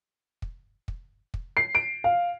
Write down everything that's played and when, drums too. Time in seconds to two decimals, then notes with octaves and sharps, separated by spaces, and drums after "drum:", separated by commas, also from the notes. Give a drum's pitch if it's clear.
0.42 drum: kick
0.88 drum: kick
1.34 drum: kick
1.57 C7
1.75 D7
2.04 F5